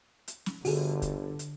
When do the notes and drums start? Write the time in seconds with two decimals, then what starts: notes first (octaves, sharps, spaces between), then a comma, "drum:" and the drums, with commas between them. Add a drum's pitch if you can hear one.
0.28 drum: hi-hat
0.46 drum: snare
0.65 G1 D3 F#4 G#4, drum: open hi-hat
1.02 drum: kick, hi-hat
1.39 drum: hi-hat